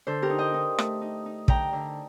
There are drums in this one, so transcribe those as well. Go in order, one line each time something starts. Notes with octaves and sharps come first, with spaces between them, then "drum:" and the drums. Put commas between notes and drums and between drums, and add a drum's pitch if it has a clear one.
D3 A4 C5
G4 A#4
D#4
D#5 G5
D#4
A3, drum: rim click
D#4
D#4
D3 G5 A#5, drum: kick
D3